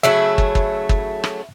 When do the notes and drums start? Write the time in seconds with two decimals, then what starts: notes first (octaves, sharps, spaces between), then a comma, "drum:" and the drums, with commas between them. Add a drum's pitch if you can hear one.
0.03 C#3 F#3 A3 E4 E5
0.38 drum: kick
0.55 drum: kick
0.89 drum: kick
1.24 drum: rim click